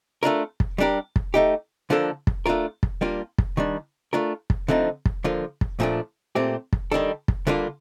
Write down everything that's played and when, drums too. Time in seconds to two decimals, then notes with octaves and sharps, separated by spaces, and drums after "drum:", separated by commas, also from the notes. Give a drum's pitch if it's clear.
0.23 A3 D4 F4 A#4
0.60 drum: kick
0.78 G3 D4 G4 A#4
1.16 drum: kick
1.34 A3 D#4 G4
1.90 D3 F3 A#3 D4 A4
2.27 drum: kick
2.46 A3 D4 F4 A#4
2.83 drum: kick
3.01 G3 A#3 D4 F4
3.38 drum: kick
3.57 D#3 G3 D4
4.13 A3 D4 F4 A#4
4.50 drum: kick
4.68 D3 F3 A3 C4 D#4
5.05 drum: kick
5.24 D3 F3 A#3 F4
5.61 drum: kick
5.80 A#2 F3 A3 D4
6.35 A#2 A3 C4 G4
6.73 drum: kick
6.92 D#3 G3 D4 A4
7.28 drum: kick
7.47 D3 G3 A#3 D4 F4